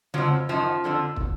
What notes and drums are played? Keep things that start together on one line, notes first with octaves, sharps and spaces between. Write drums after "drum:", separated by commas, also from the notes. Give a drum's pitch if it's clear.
F2 F3 F#3, drum: tom C#3
F#2 D#3 F3
F2 D3 F3
drum: kick